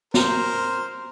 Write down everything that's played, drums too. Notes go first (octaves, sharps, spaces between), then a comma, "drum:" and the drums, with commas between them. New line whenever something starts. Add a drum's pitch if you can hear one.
A#4 C5, drum: snare